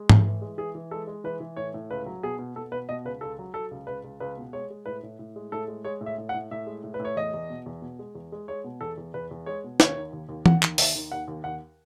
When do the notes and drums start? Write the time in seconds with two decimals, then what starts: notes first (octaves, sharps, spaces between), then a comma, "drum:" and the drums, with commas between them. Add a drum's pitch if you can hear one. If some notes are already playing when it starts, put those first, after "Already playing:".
Already playing: G#3
0.09 A2, drum: tom G#2
0.25 E3
0.42 G#3
0.58 E3 G#4
0.75 E3
0.91 G#3 A4
1.07 G#3
1.24 E3 B4
1.40 E3
1.57 A2 C#5
1.74 A2
1.91 C#2 B4
2.06 F#3
2.23 B2 G#4
2.39 B2
2.55 B2 A4
2.72 B2 B4
2.89 B2 D#5
3.05 C#2 B4
3.21 C#2 A4
3.39 F#3
3.54 F#3 A4
3.71 C#2
3.87 C#2 B4
4.04 C#2
4.20 C#2 B4
4.37 B2
4.53 G#3 C#5
4.70 G#3
4.86 A2 B4
5.03 A2
5.19 A2
5.36 G#3
5.52 A2 A4
5.68 G#3
5.85 G#3 C#5
6.01 A2
6.06 E5
6.18 A2
6.29 F#5
6.34 A2
6.51 A2 E5
6.67 G#3
6.83 A2
6.94 B4
7.00 A2
7.05 C#5
7.16 E2 D#5
7.34 E2
7.50 B2
7.66 E2
7.82 B2
7.99 G#3
8.15 E2
8.32 G#3
8.48 G#3 C#5
8.64 B2
8.81 E2 A4
8.97 E2
9.14 E2 B4
9.31 E2
9.46 G#3 C#5
9.64 B2
9.80 D#2 C#5, drum: snare
9.96 D#3
10.13 D#2
10.29 D#2
10.46 D#2 F#5, drum: tom E3
10.63 D#3, drum: clap
10.78 D#2 E5, drum: open hi-hat
10.95 D#3
11.12 D#2 F#5
11.28 D#2
11.44 D#2 F#5